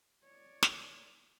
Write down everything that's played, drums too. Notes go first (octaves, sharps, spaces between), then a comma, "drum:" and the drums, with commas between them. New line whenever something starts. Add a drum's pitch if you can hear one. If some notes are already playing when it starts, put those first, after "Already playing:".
C#5 D5
drum: snare